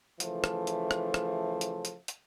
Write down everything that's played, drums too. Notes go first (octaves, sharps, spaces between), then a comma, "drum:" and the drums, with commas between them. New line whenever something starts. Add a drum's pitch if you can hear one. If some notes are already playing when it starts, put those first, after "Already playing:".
C#3 E3 F3 A3, drum: hi-hat
drum: rim click
drum: hi-hat
drum: rim click
drum: rim click
drum: hi-hat
drum: hi-hat
drum: hi-hat